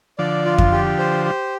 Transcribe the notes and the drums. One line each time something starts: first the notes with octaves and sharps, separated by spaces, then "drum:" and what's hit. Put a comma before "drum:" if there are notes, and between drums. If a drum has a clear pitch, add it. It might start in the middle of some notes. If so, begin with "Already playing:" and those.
D3 F3 D5
F4
drum: kick F2
G4
C5
G4